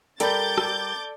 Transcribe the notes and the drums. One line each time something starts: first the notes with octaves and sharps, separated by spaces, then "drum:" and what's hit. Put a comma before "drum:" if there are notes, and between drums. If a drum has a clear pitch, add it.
G3 A4 A#4 D5 B5 D6 G6 A6, drum: hi-hat
drum: rim click